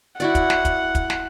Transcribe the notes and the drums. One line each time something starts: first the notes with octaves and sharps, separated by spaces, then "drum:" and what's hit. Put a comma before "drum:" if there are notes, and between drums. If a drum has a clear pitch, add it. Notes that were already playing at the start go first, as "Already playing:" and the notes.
E4 F#4 D5 F#5, drum: hi-hat
drum: kick, hi-hat
drum: snare
drum: kick, hi-hat
drum: kick, hi-hat
drum: snare